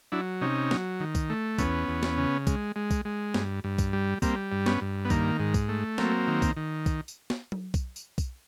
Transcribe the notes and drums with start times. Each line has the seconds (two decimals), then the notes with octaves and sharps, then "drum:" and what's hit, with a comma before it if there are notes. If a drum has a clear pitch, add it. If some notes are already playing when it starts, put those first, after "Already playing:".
0.12 F#3 D4 E4
0.41 C3 C#4 D#4
0.71 F#3, drum: snare
1.00 D#3
1.15 drum: kick, tambourine
1.30 A3
1.58 E2 B3 C#4, drum: kick, tambourine
1.89 E2
2.03 drum: snare
2.18 C#3
2.47 G#3, drum: kick, tambourine
2.76 G#3
2.91 drum: kick, tambourine
3.05 G#3
3.34 G2, drum: snare
3.64 G2
3.78 drum: kick, tambourine
3.93 G3
4.22 G3 A#3 C4, drum: kick, tambourine
4.52 G2
4.66 B3 C#4, drum: snare
4.81 G2
5.05 B3
5.10 D#3 A#3, drum: kick, tambourine
5.39 G#2
5.54 drum: kick, tambourine
5.69 A3
5.98 F#3 A#3 C4, drum: snare
6.28 D#3
6.42 drum: kick, tambourine
6.57 D#3
6.86 drum: kick, tambourine
7.08 drum: tambourine
7.30 drum: snare
7.52 drum: tom F#3
7.74 drum: kick, tambourine
7.96 drum: tambourine
8.18 drum: kick, tambourine